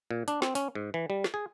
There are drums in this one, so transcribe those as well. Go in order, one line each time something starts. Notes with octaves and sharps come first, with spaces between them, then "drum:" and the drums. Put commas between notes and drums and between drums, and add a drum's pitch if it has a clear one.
A#2
D4, drum: hi-hat
C4, drum: snare
C#4, drum: hi-hat
G#2
E3
G3
drum: snare
G#4